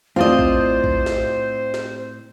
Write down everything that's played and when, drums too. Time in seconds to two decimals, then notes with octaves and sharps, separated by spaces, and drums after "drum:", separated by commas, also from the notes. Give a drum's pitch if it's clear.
0.16 A2 C4 F4 C5 D5 D#5
0.39 drum: kick A#1
0.84 drum: kick A#1
1.06 drum: snare
1.74 drum: snare